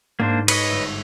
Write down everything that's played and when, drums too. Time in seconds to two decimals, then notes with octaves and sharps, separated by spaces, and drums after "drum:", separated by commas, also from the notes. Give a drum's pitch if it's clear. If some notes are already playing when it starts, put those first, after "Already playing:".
0.20 G#2 A#3 D4 C5
0.48 B4 C#5 D#5, drum: cymbal
0.69 G1 E5